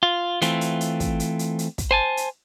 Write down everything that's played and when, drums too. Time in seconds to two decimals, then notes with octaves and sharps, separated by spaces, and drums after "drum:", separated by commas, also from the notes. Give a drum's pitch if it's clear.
0.03 F4
0.42 E3 A3 C4 F4, drum: hi-hat
0.61 drum: hi-hat
0.81 drum: hi-hat
1.00 drum: kick, hi-hat
1.20 drum: hi-hat
1.39 drum: hi-hat
1.59 drum: hi-hat
1.78 drum: kick, hi-hat
1.91 C5 G#5 A5
2.17 drum: hi-hat